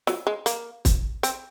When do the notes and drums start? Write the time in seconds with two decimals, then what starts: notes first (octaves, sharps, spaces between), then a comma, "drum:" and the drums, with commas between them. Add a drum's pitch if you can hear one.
0.07 F#3, drum: snare
0.27 G#3
0.46 A#3, drum: hi-hat
0.85 drum: kick, hi-hat
1.23 C4, drum: hi-hat